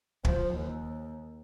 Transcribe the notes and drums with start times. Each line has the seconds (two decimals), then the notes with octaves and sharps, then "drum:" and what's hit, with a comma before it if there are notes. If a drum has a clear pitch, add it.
0.25 F3, drum: kick
0.56 D#2